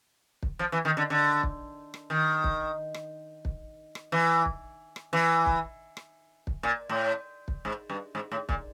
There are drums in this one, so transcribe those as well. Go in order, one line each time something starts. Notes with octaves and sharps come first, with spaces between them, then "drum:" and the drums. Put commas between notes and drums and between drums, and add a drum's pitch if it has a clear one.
drum: kick
F3
E3
D#3
D3
D3
drum: kick
drum: rim click
D#3
drum: kick
drum: rim click
drum: kick
drum: rim click
E3
drum: kick
drum: rim click
E3
drum: kick
drum: rim click
drum: kick
A#2
A2
drum: kick
G#2
G2
G#2
A2
A#2, drum: kick